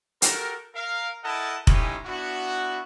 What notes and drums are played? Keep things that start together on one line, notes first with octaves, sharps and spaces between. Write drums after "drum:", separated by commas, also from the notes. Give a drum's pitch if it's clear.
F#4 G4 A4 A#4, drum: hi-hat
A#4 F5
E4 A4 A#4 D#5 F#5 A5
G#3 A3 C#4 D#4 E4 G4, drum: kick F1
B3 D4 E4 F#4